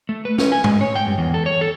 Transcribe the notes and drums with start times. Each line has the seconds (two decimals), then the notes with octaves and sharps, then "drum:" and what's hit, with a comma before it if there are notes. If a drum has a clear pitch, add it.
0.09 A3
0.25 B4
0.38 C#4, drum: snare A4
0.52 G#5
0.64 G#3, drum: tom G#2
0.81 C#5
0.96 G5
1.07 G2
1.18 E2
1.34 A4
1.46 C#5
1.61 A4